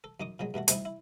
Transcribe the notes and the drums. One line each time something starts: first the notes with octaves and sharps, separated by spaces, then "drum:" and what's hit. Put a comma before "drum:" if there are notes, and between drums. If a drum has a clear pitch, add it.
A4
F#2 D#4 D6 D#6
A#2 C#3 F#3 G#3
G2 B2 A3 F#4
D2 C3 G3 C4 D#4 E4, drum: hi-hat
E4